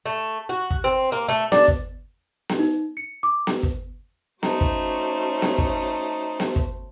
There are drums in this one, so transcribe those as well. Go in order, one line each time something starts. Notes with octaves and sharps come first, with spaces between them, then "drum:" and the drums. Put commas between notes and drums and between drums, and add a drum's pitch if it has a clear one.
A3
F#4
drum: kick
C4
A#3
A3
D4, drum: snare B3
drum: kick
drum: snare B3
D#4
C#7
D6
drum: snare B3
drum: kick
A3 C#4 D#4 F#4 C5, drum: snare B3
drum: kick
drum: snare B3
drum: kick
drum: snare B3
drum: kick